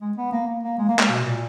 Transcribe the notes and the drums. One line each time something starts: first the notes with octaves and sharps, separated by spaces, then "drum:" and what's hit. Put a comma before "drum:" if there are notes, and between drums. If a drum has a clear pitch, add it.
G#3
B3
A#3
A#3
A#3
G#3
A#3
G#3, drum: clap
B2
A#2